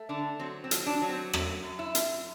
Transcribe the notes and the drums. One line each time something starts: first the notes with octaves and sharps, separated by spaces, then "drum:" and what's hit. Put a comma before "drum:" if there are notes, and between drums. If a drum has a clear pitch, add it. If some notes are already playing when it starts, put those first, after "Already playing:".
Already playing: A3
D3 D4
F#3 C4
C4
F#3, drum: hi-hat
D4
F#3
C4
F#2, drum: rim click
F#2
E4
F#2, drum: hi-hat